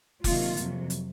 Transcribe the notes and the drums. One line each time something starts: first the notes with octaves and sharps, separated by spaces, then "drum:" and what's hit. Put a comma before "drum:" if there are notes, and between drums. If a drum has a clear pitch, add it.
C3 D#3 F#3 A#3 F4, drum: kick F1, open hi-hat
F2 C3 F#3, drum: hi-hat
drum: hi-hat